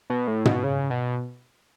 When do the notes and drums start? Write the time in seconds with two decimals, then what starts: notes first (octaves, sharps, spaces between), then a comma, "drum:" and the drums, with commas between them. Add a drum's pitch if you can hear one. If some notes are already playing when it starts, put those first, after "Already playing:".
0.10 B2
0.28 A2
0.45 B2, drum: tom
0.64 C#3
0.90 B2